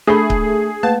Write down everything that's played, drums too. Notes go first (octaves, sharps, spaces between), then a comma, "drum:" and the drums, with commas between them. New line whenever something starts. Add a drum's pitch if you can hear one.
A3 D4 G#4 B5
drum: kick C#1
A3 A#3 B4 A5